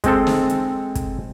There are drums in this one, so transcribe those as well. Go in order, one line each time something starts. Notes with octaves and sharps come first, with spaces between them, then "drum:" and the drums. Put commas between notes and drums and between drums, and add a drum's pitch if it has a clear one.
G#3 C4 A4, drum: kick, hi-hat
drum: snare
drum: hi-hat
drum: kick, hi-hat